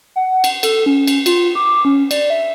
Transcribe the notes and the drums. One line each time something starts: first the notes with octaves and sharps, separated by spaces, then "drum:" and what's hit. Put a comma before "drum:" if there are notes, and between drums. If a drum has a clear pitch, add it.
F#5
drum: cymbal
A4, drum: cymbal
C#4
drum: cymbal
F4, drum: cymbal
D6
C#4
D5, drum: cymbal
E5